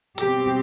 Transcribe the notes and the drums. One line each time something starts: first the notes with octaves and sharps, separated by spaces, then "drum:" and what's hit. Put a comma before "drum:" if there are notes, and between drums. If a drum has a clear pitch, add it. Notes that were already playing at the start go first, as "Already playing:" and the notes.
B2 G3 C4 G4, drum: hi-hat